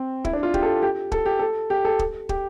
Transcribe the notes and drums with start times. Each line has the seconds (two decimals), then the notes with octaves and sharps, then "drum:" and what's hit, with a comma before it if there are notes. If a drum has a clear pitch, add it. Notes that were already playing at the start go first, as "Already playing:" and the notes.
Already playing: C4
0.25 E4, drum: kick
0.33 D4
0.43 F4
0.54 G4, drum: kick
0.63 A4
0.82 G4
1.12 A4, drum: kick
1.26 G4
1.39 A4
1.70 G4
1.85 A4
1.99 drum: kick
2.29 G4, drum: kick